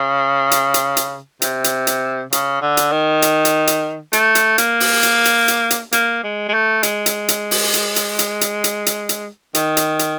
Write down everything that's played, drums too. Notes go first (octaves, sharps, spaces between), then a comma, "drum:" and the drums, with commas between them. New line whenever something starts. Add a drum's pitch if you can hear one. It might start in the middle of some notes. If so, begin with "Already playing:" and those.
Already playing: C#3
drum: hi-hat
drum: hi-hat
drum: hi-hat
C3, drum: hi-hat
drum: hi-hat
drum: hi-hat
C#3, drum: hi-hat
D3
drum: hi-hat
D#3
drum: hi-hat
drum: hi-hat
drum: hi-hat
A3, drum: hi-hat
drum: hi-hat
A#3, drum: hi-hat
drum: open hi-hat
drum: hi-hat
drum: hi-hat
drum: hi-hat
drum: hi-hat
A#3, drum: hi-hat
G#3
G#3
A3
G#3, drum: hi-hat
drum: hi-hat
drum: hi-hat
drum: open hi-hat
drum: hi-hat
drum: hi-hat
drum: hi-hat
drum: hi-hat
drum: hi-hat
drum: hi-hat
drum: hi-hat
D#3, drum: hi-hat
drum: hi-hat
drum: hi-hat